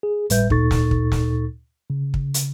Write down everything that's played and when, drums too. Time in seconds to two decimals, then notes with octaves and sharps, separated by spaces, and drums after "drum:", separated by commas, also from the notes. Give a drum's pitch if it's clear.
0.03 G#4
0.30 G1 A2 G3 B4 E5 G6, drum: hi-hat
0.50 D2 A#2 D#4 A4 C#6 A6, drum: kick
0.71 drum: snare
0.91 drum: kick
1.12 drum: snare
1.90 C#3
2.14 drum: kick
2.34 drum: hi-hat